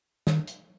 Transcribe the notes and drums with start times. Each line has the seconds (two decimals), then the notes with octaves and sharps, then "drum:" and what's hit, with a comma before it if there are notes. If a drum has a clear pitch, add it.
0.27 D#3, drum: snare
0.47 drum: hi-hat